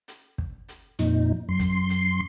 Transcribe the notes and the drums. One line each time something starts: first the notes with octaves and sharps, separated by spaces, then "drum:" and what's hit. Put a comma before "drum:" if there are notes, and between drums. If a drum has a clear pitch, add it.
drum: hi-hat
drum: kick
drum: hi-hat
F2 A#2 D#4, drum: snare
F#2 C6
drum: kick, hi-hat
drum: hi-hat